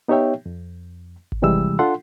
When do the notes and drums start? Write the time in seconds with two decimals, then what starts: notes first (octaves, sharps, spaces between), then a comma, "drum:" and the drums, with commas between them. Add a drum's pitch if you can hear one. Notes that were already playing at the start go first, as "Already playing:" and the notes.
0.08 B3 D#4 G4 C#5 E5 G5
0.46 F2
1.32 drum: kick G#1
1.42 D#2 C3 E3 G3 G#3 E6
1.79 D4 F4 A4 F#5 C6